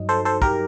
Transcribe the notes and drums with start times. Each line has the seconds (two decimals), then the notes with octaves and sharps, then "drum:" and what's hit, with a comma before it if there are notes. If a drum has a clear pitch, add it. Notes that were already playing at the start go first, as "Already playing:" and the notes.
Already playing: G2 F#3 D#4
0.09 A4 C5
0.25 A4 C5
0.42 G4 A#4, drum: kick